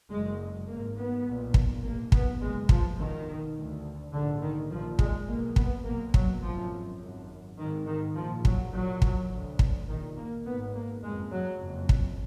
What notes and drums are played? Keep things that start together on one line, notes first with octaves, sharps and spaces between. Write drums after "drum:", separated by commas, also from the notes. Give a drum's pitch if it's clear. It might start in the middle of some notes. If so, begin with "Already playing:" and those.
F#1 F#2 G#3
G#1 G#2 A#3
B3
B1 A#2
drum: kick
A#1 G#2 A#3
B3, drum: kick
F#1 F#2 G#3
F3, drum: kick
B1 B2 D#3
D2
A#1 G#2 D3
D#3
A#1 A#2 F3
G#3, drum: kick
B1 B2 A#3
B3, drum: kick
B1 B2 A#3
F#3, drum: kick
G#1 F#2 F3
G#1 F#2
G#1 G#2 D#3
D#3
A#1 A#2 F3
F#3, drum: kick
A#1 A#2 F#3
drum: kick
D2
drum: kick
A#1 A#2 D#3
A#3
G#1 G#2 B3
A#3
F#1 F2 G#3
F#3
F#1 F2
drum: kick